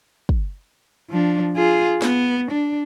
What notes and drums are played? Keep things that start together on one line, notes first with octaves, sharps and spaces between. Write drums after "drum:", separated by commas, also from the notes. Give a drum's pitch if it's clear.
drum: kick
F3 D4
F4 G#4
B3, drum: snare
D4